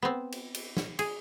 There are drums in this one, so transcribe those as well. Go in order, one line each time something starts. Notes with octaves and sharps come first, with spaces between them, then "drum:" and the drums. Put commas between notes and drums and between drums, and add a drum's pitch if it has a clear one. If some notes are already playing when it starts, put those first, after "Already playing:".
B3 C4
drum: cymbal
drum: cymbal
drum: snare
G#4, drum: cymbal